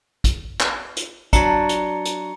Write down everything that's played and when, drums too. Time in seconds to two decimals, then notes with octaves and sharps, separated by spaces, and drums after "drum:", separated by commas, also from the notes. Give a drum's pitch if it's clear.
0.24 drum: kick, hi-hat
0.60 drum: clap
0.97 drum: hi-hat
1.33 F#3 D4 A#5 C#7, drum: kick, hi-hat
1.69 drum: hi-hat
2.05 drum: hi-hat